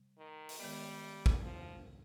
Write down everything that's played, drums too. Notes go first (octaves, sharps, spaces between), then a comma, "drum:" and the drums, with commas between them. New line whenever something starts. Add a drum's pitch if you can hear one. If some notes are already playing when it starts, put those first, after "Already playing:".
Already playing: C3 G3
D#3
drum: open hi-hat
D#3 G3 G#3 B3
drum: kick
F3